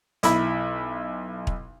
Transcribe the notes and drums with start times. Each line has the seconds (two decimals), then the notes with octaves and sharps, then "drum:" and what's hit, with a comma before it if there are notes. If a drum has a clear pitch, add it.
0.23 B1 E4 B5, drum: hi-hat
1.47 drum: kick